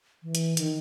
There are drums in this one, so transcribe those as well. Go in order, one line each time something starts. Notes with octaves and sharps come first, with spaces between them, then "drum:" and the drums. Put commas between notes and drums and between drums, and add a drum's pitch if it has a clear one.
E3
drum: hi-hat
D#3, drum: hi-hat